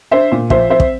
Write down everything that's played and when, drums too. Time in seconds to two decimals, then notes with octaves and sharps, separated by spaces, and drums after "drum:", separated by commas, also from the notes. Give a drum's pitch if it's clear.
0.11 D4 C5 E5
0.32 A#2
0.50 F3 C5 E5, drum: kick
0.70 C4 C5 E5
0.80 drum: kick